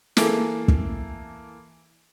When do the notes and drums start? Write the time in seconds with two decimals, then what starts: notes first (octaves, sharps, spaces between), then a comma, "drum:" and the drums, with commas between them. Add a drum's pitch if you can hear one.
0.17 E3 A#3 G#4 A4, drum: snare
0.68 drum: kick